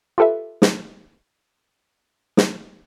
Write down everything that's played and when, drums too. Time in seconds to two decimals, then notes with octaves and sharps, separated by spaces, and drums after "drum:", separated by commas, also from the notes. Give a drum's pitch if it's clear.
0.18 F4 G4 A4 B4 E5
0.62 drum: snare
2.37 drum: snare